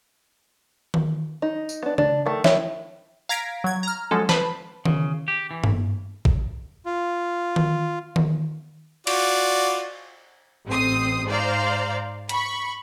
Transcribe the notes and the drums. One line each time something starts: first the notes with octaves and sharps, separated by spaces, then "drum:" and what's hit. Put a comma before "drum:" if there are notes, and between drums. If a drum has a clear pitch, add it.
drum: tom D#3
D#4
drum: tambourine
B3 D4
D4, drum: tom C#3
D#3 A3
D#3 E4 C#5 E5, drum: snare
F5 A#5 G#6 A#6 B6 D7
F#3 G#6
A#5 F6
F3 F#3 G#3 C#4 A4
B4 C5 A5 B5, drum: snare
C#3, drum: tom D#3
G4
E3
drum: tom G2
drum: kick A1
F4
drum: tom D#3
drum: tom D#3
F4 F#4 D5, drum: cymbal
A1 C4 D#6 C7
G#2 C5 D5 F5 A#5
B5 C#6, drum: hi-hat